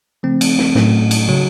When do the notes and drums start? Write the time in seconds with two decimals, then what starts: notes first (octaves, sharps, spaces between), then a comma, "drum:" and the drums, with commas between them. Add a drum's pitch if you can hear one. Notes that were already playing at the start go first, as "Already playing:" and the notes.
0.23 C#3 F3 A3 C4
0.41 drum: cymbal
0.58 drum: snare
0.75 A2 F#3 A3 C#4, drum: snare
1.11 drum: cymbal
1.29 C#3 F#3